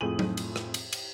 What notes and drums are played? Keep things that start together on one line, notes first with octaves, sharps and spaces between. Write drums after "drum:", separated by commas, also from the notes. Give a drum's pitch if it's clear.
F2 A2 C4 G#4 D#7 F#7
drum: tom F#3
drum: cymbal
drum: rim click
drum: cymbal
drum: cymbal